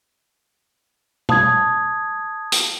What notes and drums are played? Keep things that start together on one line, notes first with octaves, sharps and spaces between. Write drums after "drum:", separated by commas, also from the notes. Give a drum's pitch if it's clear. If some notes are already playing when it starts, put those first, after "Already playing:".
A5 D#6 G#6, drum: tom
drum: hi-hat